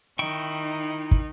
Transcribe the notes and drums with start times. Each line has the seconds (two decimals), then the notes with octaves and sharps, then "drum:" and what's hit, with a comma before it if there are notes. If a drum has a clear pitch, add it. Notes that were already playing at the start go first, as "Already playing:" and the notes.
0.19 D#3 D#4 E4 G5 C#6
1.11 drum: kick